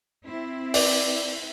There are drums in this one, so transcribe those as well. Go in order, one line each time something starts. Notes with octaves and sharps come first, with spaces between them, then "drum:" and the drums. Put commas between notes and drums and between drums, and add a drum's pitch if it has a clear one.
C4 E4
D5, drum: open hi-hat